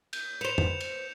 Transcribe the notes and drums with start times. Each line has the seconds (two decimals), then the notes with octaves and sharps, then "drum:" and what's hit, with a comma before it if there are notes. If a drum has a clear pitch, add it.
0.13 G6, drum: cymbal
0.41 B4 C5 C#7 E7 F7
0.58 drum: tom F2
0.80 drum: cymbal